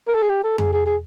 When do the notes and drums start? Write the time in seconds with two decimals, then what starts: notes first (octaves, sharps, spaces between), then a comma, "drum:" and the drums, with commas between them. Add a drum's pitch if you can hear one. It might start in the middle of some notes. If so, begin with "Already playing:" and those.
0.08 A#4
0.15 A4
0.23 G#4
0.29 G4
0.44 A4
0.58 G#4, drum: tom F2
0.73 G#4
0.86 G#4